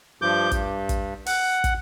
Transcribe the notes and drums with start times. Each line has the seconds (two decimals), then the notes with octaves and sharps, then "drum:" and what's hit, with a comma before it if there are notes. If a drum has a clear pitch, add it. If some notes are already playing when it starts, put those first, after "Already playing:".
0.22 G2 F3 D6 G6
0.52 G2, drum: kick, hi-hat
0.89 drum: kick, hi-hat
1.26 F#5, drum: open hi-hat
1.64 drum: kick, hi-hat